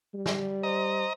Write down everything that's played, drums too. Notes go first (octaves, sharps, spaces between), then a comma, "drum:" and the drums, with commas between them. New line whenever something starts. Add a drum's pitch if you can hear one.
G3
drum: snare
C5 D#5 A#5